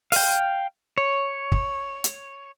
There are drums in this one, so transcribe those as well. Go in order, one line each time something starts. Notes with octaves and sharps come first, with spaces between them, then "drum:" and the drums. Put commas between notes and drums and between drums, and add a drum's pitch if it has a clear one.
F5 G5, drum: open hi-hat
C#5
drum: kick
drum: hi-hat